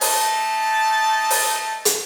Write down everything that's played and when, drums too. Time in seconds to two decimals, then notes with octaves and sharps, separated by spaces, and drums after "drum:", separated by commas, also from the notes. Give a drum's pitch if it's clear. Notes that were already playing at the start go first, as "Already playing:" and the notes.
0.01 A3 D#4 A5, drum: open hi-hat
1.30 drum: open hi-hat
1.85 drum: hi-hat